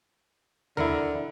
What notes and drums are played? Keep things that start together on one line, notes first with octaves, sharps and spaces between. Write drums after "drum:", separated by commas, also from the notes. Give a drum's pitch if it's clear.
D3 E4 A#4, drum: tom D#2